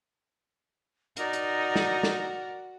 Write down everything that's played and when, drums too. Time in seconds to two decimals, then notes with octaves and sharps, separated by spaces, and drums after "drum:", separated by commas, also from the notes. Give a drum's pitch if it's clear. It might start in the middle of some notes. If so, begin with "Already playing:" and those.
1.17 D#4 F#4 A#4 D5, drum: hi-hat
1.33 drum: hi-hat
1.76 drum: snare
2.03 drum: snare